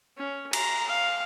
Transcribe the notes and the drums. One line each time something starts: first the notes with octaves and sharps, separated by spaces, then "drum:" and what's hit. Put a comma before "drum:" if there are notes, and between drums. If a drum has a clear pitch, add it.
C#4
A#5, drum: cymbal
F5